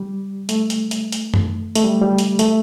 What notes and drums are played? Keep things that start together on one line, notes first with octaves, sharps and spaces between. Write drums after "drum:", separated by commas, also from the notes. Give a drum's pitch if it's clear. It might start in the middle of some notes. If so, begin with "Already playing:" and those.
Already playing: G3
A3, drum: hi-hat
drum: hi-hat
drum: hi-hat
drum: hi-hat
drum: tom F#2
A3, drum: hi-hat
G3
G3
drum: hi-hat
A3, drum: hi-hat